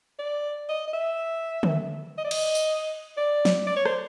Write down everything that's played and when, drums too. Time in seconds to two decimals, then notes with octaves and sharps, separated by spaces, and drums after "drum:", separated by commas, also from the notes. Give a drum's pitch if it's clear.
0.19 D5
0.69 D#5
0.87 D#5
0.93 E5
1.63 drum: tom D3
2.17 D#5
2.24 D5
2.31 D#5, drum: cymbal
2.55 drum: tambourine
3.17 D5
3.45 drum: snare
3.67 D5
3.76 C#5
3.85 C5, drum: rim click